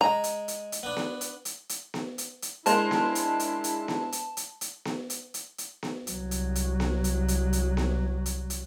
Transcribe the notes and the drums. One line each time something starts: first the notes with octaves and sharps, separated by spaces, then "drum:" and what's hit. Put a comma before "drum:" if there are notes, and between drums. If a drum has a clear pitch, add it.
G#3 A#5
drum: hi-hat
drum: hi-hat
drum: hi-hat
B3 D4
drum: snare B3
drum: hi-hat
drum: hi-hat
drum: hi-hat
drum: snare B3
drum: hi-hat
drum: hi-hat
G#3 D4 E4 A#4 C5 A5, drum: hi-hat
drum: snare B3
drum: hi-hat
drum: hi-hat
drum: hi-hat
drum: snare B3
drum: hi-hat
drum: hi-hat
drum: hi-hat
drum: snare B3
drum: hi-hat
drum: hi-hat
drum: hi-hat
drum: snare B3
C2 F#3, drum: hi-hat
drum: hi-hat
drum: hi-hat
drum: snare B3
drum: hi-hat
drum: hi-hat
drum: hi-hat
drum: snare B3
drum: hi-hat
drum: hi-hat